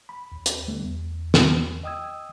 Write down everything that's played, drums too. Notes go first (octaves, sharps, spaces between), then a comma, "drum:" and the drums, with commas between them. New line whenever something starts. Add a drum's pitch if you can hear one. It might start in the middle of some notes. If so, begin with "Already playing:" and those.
B5
D#2
drum: hi-hat
D3 G3 A3 B3
E2
drum: snare
D#5 G5 D#6 E6 G#6